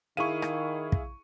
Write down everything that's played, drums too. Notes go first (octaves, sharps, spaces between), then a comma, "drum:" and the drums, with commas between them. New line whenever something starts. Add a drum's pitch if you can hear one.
D#3 E4 G#4 F5 C#6 D#7
drum: rim click
drum: kick